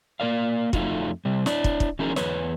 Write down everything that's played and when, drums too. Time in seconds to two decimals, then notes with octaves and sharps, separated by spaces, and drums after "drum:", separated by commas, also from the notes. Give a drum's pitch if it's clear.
0.20 A#3 A#4 D5 F5
0.73 F2 A3 D#4 F4 F#4, drum: kick
1.25 C3 G3
1.46 D4 E4 D5, drum: snare
1.64 drum: kick
1.80 drum: kick
1.99 E3 F#3 C#4 D#4 G#4 A#4
2.16 E2 B4 C#5, drum: snare